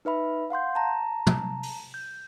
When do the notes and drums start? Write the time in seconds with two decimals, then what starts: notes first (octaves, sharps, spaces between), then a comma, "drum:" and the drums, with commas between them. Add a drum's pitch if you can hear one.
0.05 D#4 B4 E5 B5
0.50 F5 F#5 C6 G6
0.75 A5 A#5
1.27 drum: tom
1.63 drum: open hi-hat
1.94 G6